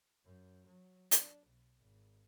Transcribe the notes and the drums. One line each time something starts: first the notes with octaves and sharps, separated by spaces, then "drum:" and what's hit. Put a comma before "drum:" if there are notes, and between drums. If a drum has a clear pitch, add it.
F#2
F#3
D4, drum: hi-hat
B1
G#1